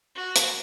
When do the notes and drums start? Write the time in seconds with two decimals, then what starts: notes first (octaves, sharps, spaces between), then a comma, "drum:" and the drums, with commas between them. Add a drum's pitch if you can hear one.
0.16 F#4
0.36 drum: hi-hat